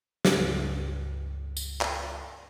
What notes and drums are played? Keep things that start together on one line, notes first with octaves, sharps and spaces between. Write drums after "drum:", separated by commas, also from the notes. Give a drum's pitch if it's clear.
C#2 G2, drum: snare
drum: tambourine
drum: clap